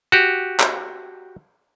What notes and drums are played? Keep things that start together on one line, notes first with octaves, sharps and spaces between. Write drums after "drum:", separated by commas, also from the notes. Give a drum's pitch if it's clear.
F#4 G4
drum: clap